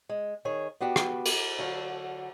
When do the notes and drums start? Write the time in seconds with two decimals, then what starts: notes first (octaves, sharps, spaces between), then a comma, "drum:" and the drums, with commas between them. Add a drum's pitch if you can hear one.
0.09 G#3
0.45 D#3 G#4 C#5
0.80 B3 D4 F#4 G4
0.96 drum: rim click
1.25 drum: cymbal
1.59 D3 F#3 F#4 F5